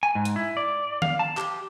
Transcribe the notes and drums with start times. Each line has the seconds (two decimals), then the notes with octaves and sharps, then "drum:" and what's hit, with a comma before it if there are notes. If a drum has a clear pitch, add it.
0.03 G#5
0.15 G#2
0.25 drum: hi-hat
0.36 E4
0.57 D5
1.02 F5, drum: tom D#3
1.19 A5
1.37 G4, drum: clap